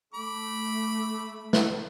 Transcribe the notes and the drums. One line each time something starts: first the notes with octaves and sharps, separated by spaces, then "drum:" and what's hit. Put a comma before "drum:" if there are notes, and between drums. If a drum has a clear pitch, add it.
A3 B5 D6
drum: snare